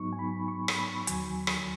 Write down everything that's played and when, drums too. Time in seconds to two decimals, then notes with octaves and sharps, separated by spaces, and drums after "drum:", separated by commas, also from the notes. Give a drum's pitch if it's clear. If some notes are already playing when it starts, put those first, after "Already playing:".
Already playing: G#2 F#3 B3 D#4 C#6
0.13 G#5
0.19 B5
0.48 C#6
0.68 drum: rim click
0.79 B5
1.07 D#2 D#3 F#3 G#5, drum: hi-hat
1.47 drum: rim click